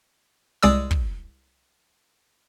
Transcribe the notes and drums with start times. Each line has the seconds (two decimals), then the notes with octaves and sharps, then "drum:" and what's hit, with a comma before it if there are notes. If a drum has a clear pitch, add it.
0.63 C2 G#3 D5 D#6 E6
0.91 drum: kick